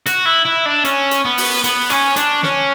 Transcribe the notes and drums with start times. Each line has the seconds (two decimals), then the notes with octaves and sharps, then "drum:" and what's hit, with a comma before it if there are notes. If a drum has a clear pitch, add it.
0.06 F#4, drum: hi-hat
0.25 E4
0.45 E4
0.66 D4
0.85 C#4, drum: hi-hat
1.11 drum: hi-hat
1.25 B3
1.38 drum: open hi-hat
1.64 B3, drum: hi-hat
1.90 C#4, drum: hi-hat
2.16 D4, drum: hi-hat
2.43 C#4, drum: snare